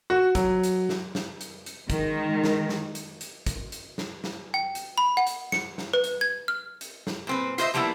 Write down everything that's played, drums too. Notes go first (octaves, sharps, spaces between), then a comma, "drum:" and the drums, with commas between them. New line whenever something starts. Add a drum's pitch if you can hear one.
F#4
F#3, drum: kick, hi-hat
drum: hi-hat
drum: snare
drum: snare
drum: hi-hat
drum: hi-hat
D#3 G#3, drum: kick, hi-hat
drum: snare
drum: snare
drum: hi-hat
drum: hi-hat
drum: kick, hi-hat
drum: hi-hat
drum: snare
drum: snare
G5
drum: hi-hat
B5
F#5
drum: hi-hat
C#7, drum: snare
drum: snare
B4
drum: hi-hat
G#6
F6
drum: hi-hat
drum: snare
A#2 C4 B4
F4 C5 D#5 E5, drum: hi-hat
F3 G3 A#3 B3 E4